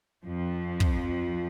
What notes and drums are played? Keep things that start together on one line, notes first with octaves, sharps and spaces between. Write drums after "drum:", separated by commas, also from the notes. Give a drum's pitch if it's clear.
F2 F3
drum: kick